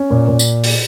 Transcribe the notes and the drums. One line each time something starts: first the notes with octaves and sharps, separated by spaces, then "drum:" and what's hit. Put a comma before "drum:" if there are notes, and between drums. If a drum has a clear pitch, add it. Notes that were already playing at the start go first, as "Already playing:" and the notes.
Already playing: C#4
A#2
A#2
drum: tambourine
drum: open hi-hat